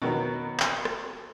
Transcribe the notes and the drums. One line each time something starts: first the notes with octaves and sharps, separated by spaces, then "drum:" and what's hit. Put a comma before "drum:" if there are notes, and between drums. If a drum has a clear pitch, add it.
B2 D#3 F#3
drum: clap
drum: rim click